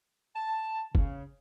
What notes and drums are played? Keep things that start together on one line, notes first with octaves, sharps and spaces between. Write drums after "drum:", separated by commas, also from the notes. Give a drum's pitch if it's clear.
A5
C#3, drum: kick F#1